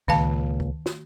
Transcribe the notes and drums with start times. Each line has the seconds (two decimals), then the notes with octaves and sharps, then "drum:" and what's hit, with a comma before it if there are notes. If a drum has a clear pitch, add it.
0.08 C#2 A#2 D#3 F5 A5, drum: kick D2
0.60 drum: kick D2
0.86 drum: snare